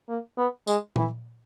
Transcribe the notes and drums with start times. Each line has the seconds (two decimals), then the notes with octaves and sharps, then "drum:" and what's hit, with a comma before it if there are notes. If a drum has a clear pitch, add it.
0.09 A#3
0.38 B3
0.67 G#3, drum: tambourine
0.96 E3, drum: tom A#2